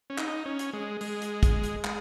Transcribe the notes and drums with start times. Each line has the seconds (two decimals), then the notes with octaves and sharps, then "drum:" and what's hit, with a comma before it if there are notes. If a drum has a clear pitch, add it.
0.10 C#4
0.18 D#4, drum: clap
0.45 C#4
0.59 drum: hi-hat
0.73 G#3
1.01 G#3, drum: open hi-hat
1.22 drum: hi-hat
1.43 drum: kick, hi-hat
1.64 drum: hi-hat
1.84 G#3, drum: clap